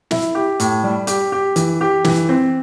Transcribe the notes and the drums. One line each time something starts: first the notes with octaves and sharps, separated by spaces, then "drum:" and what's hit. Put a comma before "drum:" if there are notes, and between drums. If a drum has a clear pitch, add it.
E4, drum: snare
G4
A2, drum: hi-hat
G3
G4, drum: hi-hat
G4
E3, drum: hi-hat
G4
E3, drum: snare
C4